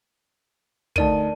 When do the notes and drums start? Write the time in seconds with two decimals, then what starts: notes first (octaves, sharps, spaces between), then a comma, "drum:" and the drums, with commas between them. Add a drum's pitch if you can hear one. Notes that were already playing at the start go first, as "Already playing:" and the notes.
0.96 D2 D#4 A#4 D5 A5 D#7, drum: kick